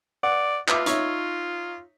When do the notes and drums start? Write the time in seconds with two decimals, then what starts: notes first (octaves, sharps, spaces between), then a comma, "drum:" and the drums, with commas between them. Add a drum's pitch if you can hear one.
0.23 D5 F#5
0.68 F4 B4 E5 D6, drum: clap
0.86 D#4 C#5 E5, drum: hi-hat